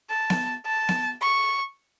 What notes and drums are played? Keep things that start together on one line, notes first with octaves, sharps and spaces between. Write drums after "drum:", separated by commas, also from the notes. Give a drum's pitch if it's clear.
A5
drum: snare B3
A5
drum: snare B3
C#6